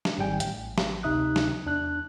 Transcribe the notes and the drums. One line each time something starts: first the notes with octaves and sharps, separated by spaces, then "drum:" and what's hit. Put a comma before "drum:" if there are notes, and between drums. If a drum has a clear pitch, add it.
drum: snare
G#1 G3 G5 G#5
A1, drum: hi-hat
drum: snare
D2 C3 D#4 E5 D#6 F#6
drum: snare
E2 D4 F#6